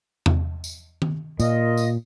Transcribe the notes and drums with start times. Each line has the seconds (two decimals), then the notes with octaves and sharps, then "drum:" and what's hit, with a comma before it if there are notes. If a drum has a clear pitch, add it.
0.26 drum: tom E2
0.64 drum: tambourine
1.02 drum: tom D#3
1.40 A#2 F4 A#4 D#5, drum: tambourine
1.77 drum: tambourine